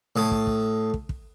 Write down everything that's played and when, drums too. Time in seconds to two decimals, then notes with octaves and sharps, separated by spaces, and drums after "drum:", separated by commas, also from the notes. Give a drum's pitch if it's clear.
0.16 A2 A5 D#6
0.31 drum: kick
0.47 drum: kick
0.94 drum: kick
1.09 drum: kick